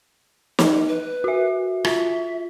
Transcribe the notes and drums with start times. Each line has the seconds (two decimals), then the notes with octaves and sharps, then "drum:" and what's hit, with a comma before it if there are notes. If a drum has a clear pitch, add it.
0.59 drum: snare
0.88 B4
1.24 F#4 E5
1.85 F4 E5, drum: rim click